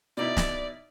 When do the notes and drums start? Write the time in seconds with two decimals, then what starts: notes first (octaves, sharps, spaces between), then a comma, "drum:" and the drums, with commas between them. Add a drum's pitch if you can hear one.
0.17 B2 D#4 E4 D5
0.37 drum: snare